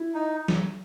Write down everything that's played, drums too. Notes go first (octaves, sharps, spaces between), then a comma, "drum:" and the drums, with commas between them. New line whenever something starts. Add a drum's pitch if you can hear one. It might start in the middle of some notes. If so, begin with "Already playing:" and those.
Already playing: E4
D#4
drum: snare